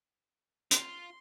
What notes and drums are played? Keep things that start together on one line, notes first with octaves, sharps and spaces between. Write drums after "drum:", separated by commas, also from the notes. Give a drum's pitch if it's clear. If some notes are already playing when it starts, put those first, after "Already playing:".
F4 C6, drum: hi-hat